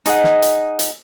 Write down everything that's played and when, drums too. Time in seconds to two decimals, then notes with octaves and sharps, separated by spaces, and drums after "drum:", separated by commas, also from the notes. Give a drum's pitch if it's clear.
0.06 D#4 G#4 D#5 F#5, drum: hi-hat
0.24 drum: snare
0.42 drum: hi-hat
0.79 drum: hi-hat